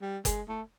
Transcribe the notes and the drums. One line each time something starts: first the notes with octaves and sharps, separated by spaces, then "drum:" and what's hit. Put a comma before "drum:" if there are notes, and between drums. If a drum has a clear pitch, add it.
G3
G#3, drum: kick F#1, hi-hat
A3